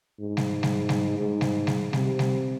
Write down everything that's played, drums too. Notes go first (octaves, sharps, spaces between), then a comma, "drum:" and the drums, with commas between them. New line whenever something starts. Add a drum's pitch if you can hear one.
G#2
drum: snare G3
drum: snare G3
drum: snare G3
G#2
drum: snare G3
drum: snare G3
C3, drum: snare G3
drum: snare G3